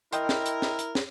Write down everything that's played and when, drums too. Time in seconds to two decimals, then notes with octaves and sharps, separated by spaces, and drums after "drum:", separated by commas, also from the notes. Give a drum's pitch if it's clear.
0.13 E4 A#4 D#5 G5 C6, drum: hi-hat
0.29 drum: snare
0.46 drum: hi-hat
0.62 drum: snare
0.79 drum: hi-hat
0.95 drum: snare